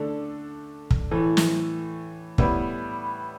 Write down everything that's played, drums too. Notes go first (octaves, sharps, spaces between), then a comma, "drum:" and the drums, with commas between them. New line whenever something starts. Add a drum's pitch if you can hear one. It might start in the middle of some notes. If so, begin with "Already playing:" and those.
Already playing: D3 A3 D4 A4
drum: kick
A2 E3 A3
drum: snare
A2 G3 B3 E4 B4, drum: kick